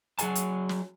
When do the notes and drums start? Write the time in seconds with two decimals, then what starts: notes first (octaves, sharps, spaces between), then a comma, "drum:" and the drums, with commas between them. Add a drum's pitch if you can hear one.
0.19 F#3 F#4 G#4 G#5 A5, drum: hi-hat
0.35 drum: hi-hat
0.69 drum: snare